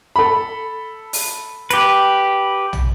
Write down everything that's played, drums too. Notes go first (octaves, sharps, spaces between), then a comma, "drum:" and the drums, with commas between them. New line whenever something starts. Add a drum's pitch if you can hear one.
A4 B5
drum: open hi-hat
G4 B4, drum: hi-hat
drum: tom